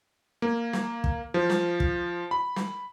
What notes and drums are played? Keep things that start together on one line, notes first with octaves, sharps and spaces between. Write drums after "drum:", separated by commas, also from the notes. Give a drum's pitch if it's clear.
A#3
drum: snare
drum: kick
F3
drum: snare
drum: kick
B5
drum: snare